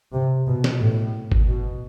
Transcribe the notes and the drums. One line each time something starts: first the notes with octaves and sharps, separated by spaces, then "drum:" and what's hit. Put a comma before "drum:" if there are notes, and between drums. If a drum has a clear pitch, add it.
C3
B2
drum: snare
A2
drum: kick
B2